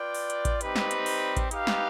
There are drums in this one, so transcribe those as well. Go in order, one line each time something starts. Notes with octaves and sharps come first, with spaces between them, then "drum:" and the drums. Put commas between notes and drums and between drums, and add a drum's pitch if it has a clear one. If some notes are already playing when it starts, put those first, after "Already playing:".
Already playing: F4 B4 D5 G5
drum: open hi-hat
drum: hi-hat
drum: kick A1, hi-hat
G3 C4 D#4 G4 B4, drum: hi-hat
drum: snare
drum: hi-hat
drum: open hi-hat
drum: kick A1, hi-hat
D#4 G4 B4 F5, drum: hi-hat
drum: snare